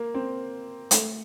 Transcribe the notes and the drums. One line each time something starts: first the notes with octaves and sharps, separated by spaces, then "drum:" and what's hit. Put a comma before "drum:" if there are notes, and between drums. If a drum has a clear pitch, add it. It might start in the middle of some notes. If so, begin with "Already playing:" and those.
Already playing: A#3
C4
A3, drum: hi-hat